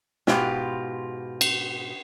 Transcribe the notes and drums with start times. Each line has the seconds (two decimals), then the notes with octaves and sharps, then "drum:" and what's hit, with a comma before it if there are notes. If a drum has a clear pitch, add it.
0.27 G#2 B2 F4 G4, drum: snare
1.41 drum: cymbal